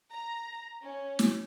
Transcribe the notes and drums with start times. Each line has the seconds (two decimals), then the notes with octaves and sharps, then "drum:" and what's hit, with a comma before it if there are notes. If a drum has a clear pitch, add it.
0.12 A#5
0.83 C#4
1.19 drum: snare